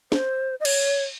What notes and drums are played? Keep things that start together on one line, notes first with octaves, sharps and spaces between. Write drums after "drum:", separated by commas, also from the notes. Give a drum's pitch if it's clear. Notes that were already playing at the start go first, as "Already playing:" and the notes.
C5, drum: snare
D#5
C#5, drum: cymbal